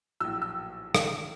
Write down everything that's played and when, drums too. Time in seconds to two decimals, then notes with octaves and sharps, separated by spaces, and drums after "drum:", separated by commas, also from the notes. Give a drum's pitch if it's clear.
0.20 A#1 A2 F#3 E6
0.42 E6
0.95 drum: rim click